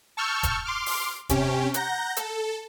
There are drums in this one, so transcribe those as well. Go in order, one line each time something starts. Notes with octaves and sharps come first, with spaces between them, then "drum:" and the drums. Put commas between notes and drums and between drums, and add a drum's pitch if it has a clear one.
A5 C#6 E6 F6 G6
drum: kick E1, hi-hat
C6 D6 F6
drum: open hi-hat
C3 C#4 G4, drum: kick E1, hi-hat
F#5 A#5 G6 A#6, drum: hi-hat
A4, drum: hi-hat